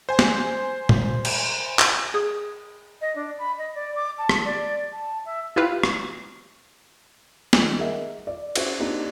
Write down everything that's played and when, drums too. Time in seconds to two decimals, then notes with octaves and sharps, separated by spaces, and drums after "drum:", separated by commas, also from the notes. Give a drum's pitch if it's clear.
0.09 C5 G#5
0.19 drum: snare
0.89 drum: tom A#2
1.25 drum: cymbal
1.79 drum: clap
2.14 G#4 D#6
3.00 D#5
3.15 D4
3.38 B5
3.58 D#5
3.74 D5
3.95 D6
4.18 A5
4.29 drum: rim click
4.45 D5
4.92 A5
5.25 E5
5.56 E4 F4 G4 B4 F5
5.83 drum: rim click
7.53 D#3 G3 D#4 F4, drum: snare
7.78 G#4 A#4 D#5 E5 F#5
8.27 D5
8.56 C#4 F#4 G#4 C5 D5 E5, drum: cymbal
8.79 A#3 C4 D4 D#4 F#4 G4